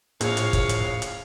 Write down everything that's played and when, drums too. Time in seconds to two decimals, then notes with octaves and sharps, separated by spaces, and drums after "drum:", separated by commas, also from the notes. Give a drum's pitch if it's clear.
0.21 A#1 A2 C#5 F5, drum: hi-hat
0.37 drum: hi-hat
0.53 drum: kick, hi-hat
0.69 drum: hi-hat
1.02 drum: hi-hat